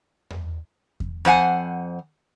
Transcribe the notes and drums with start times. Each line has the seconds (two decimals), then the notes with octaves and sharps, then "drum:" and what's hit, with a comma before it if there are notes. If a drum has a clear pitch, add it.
0.30 drum: tom E2
1.00 drum: kick E2
1.25 F2 C5 F#5 G#5